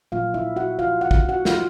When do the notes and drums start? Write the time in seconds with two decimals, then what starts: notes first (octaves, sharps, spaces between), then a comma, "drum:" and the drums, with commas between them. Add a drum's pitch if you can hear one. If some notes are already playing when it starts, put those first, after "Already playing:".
0.12 A#2 F#3 A#3 F4 F5
0.34 E4 E5
0.56 F#4 F#5
0.79 F4 F5
1.01 F#5
1.11 drum: kick
1.29 F#4 F#5
1.45 F4 F5, drum: snare